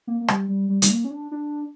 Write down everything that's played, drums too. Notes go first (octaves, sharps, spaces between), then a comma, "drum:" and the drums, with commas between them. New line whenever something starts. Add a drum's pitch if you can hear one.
A#3
A#3
G3, drum: rim click
G3
G3
G3, drum: hi-hat
A#3
C#4
D4
D4